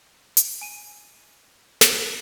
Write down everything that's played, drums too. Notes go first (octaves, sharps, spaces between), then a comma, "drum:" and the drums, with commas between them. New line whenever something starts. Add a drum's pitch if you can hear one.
drum: hi-hat
G#5 D#7
drum: snare